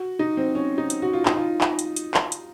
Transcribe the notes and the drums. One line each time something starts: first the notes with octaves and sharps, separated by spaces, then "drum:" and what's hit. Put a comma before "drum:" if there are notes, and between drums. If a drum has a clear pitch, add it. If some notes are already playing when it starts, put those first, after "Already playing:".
Already playing: F#4
D#4
C4
C#4
D#4
drum: hi-hat
F#4
F4
D#4, drum: clap
F4
drum: clap
drum: hi-hat
drum: hi-hat
drum: clap
drum: hi-hat